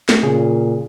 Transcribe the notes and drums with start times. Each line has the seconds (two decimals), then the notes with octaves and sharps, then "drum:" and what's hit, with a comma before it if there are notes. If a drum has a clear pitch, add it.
0.09 drum: snare
0.23 A#2 C#3 G#4